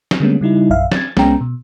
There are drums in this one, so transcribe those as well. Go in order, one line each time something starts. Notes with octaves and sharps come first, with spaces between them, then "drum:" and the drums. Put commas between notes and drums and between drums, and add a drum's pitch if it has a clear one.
drum: snare
D3 G3 G#3 A#3 B3 C#4
C#3 G3 D#4 E4
A#1 F#2 E5 F5
G#6 A6, drum: snare
C2 G#3 B3 C#4 G5 A#5, drum: snare
B2